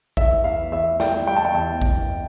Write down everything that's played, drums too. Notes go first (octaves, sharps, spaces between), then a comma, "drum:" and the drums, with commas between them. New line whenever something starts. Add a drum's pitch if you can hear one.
E2 E5, drum: kick A#1
E2 F5
E2 E5
G3 G5, drum: snare
G3 G5
A5
G5
E2 A5
E2, drum: kick A#1